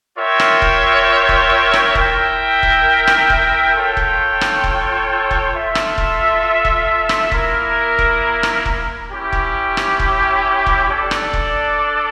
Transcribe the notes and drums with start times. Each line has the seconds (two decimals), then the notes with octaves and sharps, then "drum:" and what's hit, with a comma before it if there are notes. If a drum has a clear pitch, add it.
0.17 F4 A#4 C#5 E5 G5
0.40 drum: rim click
0.62 drum: kick E1
1.29 drum: kick E1
1.73 drum: rim click
1.95 E4 A#4 E5 G5, drum: kick E1
2.63 drum: kick E1
3.07 drum: rim click
3.30 drum: kick E1
3.75 F4 A4 C#5 G5
3.97 drum: kick E1
4.41 drum: rim click
4.64 drum: kick E1
5.31 drum: kick E1
5.53 F4 A4 E5
5.75 drum: rim click
5.98 drum: kick E1
6.65 drum: kick E1
7.09 drum: rim click
7.32 A#3 E4 A#4, drum: kick E1
7.99 drum: kick E1
8.43 drum: rim click
8.66 drum: kick E1
9.10 C#4 E4 G4
9.32 drum: kick E1
9.77 drum: rim click
9.99 drum: kick E1
10.66 drum: kick E1
10.89 D4 A4 D5
11.11 drum: rim click
11.33 drum: kick E1